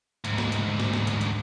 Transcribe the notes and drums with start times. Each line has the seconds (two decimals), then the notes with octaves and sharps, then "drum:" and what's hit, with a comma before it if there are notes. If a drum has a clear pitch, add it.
0.25 D2 G#2, drum: hi-hat
0.38 drum: snare
0.52 drum: hi-hat
0.80 drum: snare
0.93 drum: snare
1.07 drum: hi-hat
1.21 drum: hi-hat